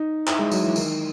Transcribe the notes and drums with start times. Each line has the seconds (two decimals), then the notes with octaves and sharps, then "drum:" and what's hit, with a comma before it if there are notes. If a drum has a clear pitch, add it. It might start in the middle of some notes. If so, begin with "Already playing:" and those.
Already playing: D#4
0.27 E4, drum: clap
0.39 G#3
0.51 F#3, drum: tambourine
0.64 E3
0.76 D#3, drum: tambourine